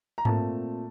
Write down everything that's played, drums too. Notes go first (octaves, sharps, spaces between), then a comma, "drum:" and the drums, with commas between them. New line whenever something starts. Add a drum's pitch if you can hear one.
A#5
A#2 A3 C4 A5, drum: tom G#2